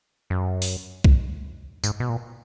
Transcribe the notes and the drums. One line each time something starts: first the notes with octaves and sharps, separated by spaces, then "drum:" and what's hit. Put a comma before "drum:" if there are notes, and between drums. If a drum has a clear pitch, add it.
F#2
drum: open hi-hat
drum: kick B1
G#2, drum: tambourine
B2
A#2